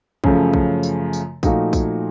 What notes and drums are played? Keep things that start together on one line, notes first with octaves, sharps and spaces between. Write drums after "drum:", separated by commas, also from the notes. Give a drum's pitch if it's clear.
F#2 C#3 F3 A3, drum: kick
drum: kick
drum: tambourine
drum: tambourine
A#2 F3 A3 D#4 F#4, drum: kick, tambourine
drum: kick, tambourine